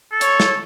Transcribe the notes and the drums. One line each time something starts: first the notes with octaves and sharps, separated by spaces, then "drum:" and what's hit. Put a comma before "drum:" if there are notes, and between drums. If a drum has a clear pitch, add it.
A4
C#5, drum: hi-hat
drum: snare